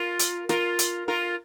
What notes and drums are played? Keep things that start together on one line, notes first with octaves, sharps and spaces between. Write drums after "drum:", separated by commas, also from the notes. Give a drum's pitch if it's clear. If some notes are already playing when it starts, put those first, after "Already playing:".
Already playing: F4 A#4
drum: hi-hat
F4 A#4, drum: snare
drum: hi-hat
F4 A#4